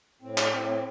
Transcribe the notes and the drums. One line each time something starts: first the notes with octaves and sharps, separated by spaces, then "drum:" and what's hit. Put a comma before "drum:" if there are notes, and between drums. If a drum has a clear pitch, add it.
A2 C4
D4, drum: clap
A2 C4
C4